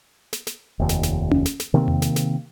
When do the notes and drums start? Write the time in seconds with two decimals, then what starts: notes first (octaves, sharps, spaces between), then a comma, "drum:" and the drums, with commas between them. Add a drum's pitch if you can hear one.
0.33 drum: snare
0.47 drum: snare
0.79 F1 D#2
0.89 drum: snare
1.03 drum: snare
1.31 drum: tom C#4
1.46 drum: snare
1.60 drum: snare
1.74 C3 D#3 A#3 C4
1.88 drum: tom E2
2.02 drum: snare
2.16 drum: snare